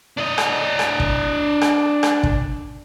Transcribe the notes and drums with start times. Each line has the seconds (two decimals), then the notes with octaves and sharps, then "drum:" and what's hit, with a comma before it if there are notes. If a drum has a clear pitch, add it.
0.17 D4 D#5
0.38 drum: rim click
0.79 drum: rim click
1.00 drum: kick
1.61 drum: rim click
2.03 drum: rim click
2.23 drum: kick